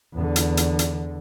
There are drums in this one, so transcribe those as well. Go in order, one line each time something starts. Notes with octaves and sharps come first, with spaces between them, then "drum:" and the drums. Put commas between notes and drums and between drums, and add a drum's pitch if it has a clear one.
E2 D3
drum: hi-hat
drum: hi-hat
drum: hi-hat